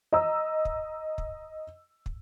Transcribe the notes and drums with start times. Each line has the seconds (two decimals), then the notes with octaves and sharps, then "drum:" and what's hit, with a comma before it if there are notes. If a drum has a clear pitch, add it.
0.13 D#5 A#5 E6
0.65 drum: kick
1.18 drum: kick
2.06 drum: kick